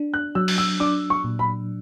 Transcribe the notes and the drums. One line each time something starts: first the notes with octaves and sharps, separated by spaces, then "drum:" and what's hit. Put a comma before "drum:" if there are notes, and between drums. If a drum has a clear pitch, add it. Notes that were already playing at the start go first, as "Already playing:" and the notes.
Already playing: D4
F#6
F#3 E6
drum: open hi-hat
E6
D4 D6
C#6
A#2
B5